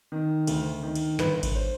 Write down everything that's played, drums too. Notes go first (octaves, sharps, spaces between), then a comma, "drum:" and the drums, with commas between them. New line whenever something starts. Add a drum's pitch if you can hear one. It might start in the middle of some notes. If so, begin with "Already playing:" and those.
D#3
D2, drum: cymbal
D#3
drum: cymbal
G1 B4, drum: snare
drum: kick G#1, cymbal
C5